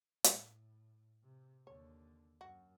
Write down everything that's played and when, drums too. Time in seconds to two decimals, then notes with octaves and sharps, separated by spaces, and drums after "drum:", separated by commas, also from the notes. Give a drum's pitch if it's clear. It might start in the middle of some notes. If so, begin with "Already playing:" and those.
0.24 A2, drum: hi-hat
1.23 C3
1.67 D#2 D3 C#5
2.41 F#2 F#4